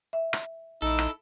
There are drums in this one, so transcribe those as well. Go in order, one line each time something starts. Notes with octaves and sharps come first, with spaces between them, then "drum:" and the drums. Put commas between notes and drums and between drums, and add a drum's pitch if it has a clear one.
E5
drum: rim click
A#1 D#4 E4 A4
drum: rim click